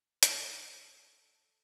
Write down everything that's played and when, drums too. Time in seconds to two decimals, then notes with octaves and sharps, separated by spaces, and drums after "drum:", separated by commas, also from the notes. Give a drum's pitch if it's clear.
0.23 C5, drum: hi-hat
0.66 A4